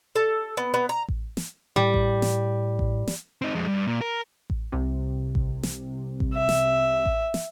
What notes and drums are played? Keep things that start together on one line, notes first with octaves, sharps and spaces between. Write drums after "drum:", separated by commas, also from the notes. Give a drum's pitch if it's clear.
A4
B3
B3
A#5
drum: kick A1
drum: snare
A2 G3
drum: kick A1
drum: snare
drum: kick A1
drum: snare
C4 D#4
F2 G#3
G2
A#2
A#4
drum: kick A1
C2 C3
drum: kick A1
drum: snare
drum: kick A1
E5
drum: snare
drum: kick A1
drum: snare